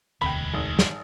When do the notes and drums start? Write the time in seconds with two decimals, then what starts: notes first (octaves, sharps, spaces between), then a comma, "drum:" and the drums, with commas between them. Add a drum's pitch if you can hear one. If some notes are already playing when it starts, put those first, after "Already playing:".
0.22 E1 D2 E3 G#3 G5 B5
0.54 G#1
0.79 drum: snare